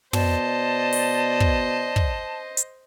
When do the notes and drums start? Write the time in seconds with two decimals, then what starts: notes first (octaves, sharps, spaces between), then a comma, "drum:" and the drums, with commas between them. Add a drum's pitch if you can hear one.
0.13 B2 C5 D5 D#5 A5, drum: tom
0.93 drum: open hi-hat
1.40 drum: kick
1.96 drum: kick
2.57 drum: hi-hat